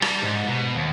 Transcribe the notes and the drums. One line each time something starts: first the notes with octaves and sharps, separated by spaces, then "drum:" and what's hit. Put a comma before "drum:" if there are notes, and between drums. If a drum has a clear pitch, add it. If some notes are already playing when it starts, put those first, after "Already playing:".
G3, drum: rim click
G#2
B2
D#2